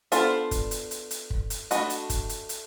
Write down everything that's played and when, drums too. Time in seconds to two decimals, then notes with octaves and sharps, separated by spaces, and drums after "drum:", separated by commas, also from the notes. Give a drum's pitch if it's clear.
0.12 B3 D4 F4 A4 C5, drum: hi-hat
0.51 drum: kick, hi-hat
0.71 drum: hi-hat
0.91 drum: hi-hat
1.11 drum: hi-hat
1.30 drum: kick
1.50 drum: hi-hat
1.71 A3 D4 F#4 B4 D#5, drum: hi-hat
1.90 drum: hi-hat
2.10 drum: kick, hi-hat
2.29 drum: hi-hat
2.49 drum: hi-hat